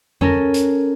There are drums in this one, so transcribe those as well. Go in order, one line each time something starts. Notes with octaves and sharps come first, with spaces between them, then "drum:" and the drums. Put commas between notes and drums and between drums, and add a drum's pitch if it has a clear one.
C#4 A4 A#4, drum: tom F2
drum: hi-hat